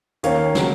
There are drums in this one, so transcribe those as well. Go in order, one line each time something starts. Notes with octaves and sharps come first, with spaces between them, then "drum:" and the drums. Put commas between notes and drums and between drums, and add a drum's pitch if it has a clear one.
D#2 D#3 A#3 C#4 C#5 F5, drum: hi-hat
C#3 F#3 A#3, drum: snare